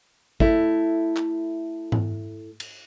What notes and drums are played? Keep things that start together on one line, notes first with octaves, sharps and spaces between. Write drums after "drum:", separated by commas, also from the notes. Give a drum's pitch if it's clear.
A3 E4, drum: kick
drum: clap
drum: tom G#2
drum: cymbal